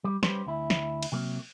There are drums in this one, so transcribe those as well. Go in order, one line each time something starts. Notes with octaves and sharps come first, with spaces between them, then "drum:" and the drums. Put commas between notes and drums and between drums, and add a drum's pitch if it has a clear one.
G3
G3 C#4 G4 B4 C5, drum: snare
D2 E4
drum: snare
drum: cymbal
C3 F#3 A#3